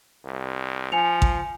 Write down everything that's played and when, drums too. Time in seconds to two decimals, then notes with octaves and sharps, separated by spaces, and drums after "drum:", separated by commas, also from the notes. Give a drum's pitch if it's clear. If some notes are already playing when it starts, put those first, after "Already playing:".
0.25 C2
0.92 F3 G#5 C#7 F7
1.22 drum: kick A1